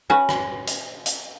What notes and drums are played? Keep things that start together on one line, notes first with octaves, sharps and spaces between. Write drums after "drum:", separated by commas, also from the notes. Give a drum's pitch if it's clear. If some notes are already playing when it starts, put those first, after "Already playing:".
C#4 F#4 B4
drum: rim click
drum: hi-hat
drum: hi-hat